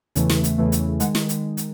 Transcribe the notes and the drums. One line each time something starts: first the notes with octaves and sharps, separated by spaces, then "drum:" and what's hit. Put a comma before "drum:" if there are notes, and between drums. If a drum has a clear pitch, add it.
E2 C#3 E3 A3, drum: hi-hat
drum: snare
drum: hi-hat
E2 C#3 E3 A3
drum: hi-hat
D#3 G#3 F#5, drum: hi-hat
drum: snare
drum: hi-hat
drum: hi-hat